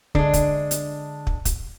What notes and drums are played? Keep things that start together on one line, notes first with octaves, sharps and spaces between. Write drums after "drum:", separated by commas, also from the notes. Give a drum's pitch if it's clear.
D3 G#3 D4, drum: kick
drum: kick, hi-hat
drum: hi-hat
drum: kick
drum: kick, hi-hat